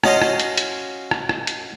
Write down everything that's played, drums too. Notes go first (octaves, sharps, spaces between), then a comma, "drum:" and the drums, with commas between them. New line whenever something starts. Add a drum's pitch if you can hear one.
C#4 F#4 C#5 D#5 F5 C6, drum: rim click
drum: rim click
drum: hi-hat
drum: hi-hat
drum: rim click
drum: rim click
drum: hi-hat